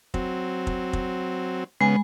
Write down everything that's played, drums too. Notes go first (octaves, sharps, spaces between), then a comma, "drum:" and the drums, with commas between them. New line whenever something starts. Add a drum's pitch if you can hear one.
F#3 C4, drum: kick
drum: kick
drum: kick
C#3 G#3 B3 G#5